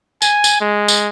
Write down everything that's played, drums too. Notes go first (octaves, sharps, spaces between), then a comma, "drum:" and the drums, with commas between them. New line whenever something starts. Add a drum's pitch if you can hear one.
G#5, drum: tambourine
drum: tambourine
G#3
drum: tambourine